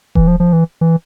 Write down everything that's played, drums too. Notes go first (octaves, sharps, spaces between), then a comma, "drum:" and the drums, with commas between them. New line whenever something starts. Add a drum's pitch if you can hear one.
E3, drum: kick D#1
F3
F3
E3
E3